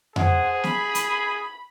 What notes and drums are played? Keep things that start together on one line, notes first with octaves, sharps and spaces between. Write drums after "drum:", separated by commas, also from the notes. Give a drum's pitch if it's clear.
G#4 C5 F#5, drum: tom F2
B5, drum: snare
drum: hi-hat